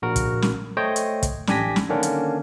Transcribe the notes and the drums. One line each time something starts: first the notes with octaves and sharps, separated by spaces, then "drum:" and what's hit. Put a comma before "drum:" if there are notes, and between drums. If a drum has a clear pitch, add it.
A#1 F#4 A#4
drum: kick, hi-hat
drum: snare
A3 C5 C#5 D#5 G5
drum: hi-hat
drum: kick, hi-hat
A1 D4 G4 G#5 A#6 B6, drum: snare
drum: snare
D3 D#3 A#3 C#4 D4
drum: hi-hat